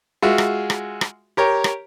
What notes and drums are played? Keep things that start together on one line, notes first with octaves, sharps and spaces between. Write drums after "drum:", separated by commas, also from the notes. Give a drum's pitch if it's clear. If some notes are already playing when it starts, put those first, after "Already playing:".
G#3 F4 F#4 E5
drum: rim click
drum: rim click
drum: rim click
G4 A#4 C#5
drum: rim click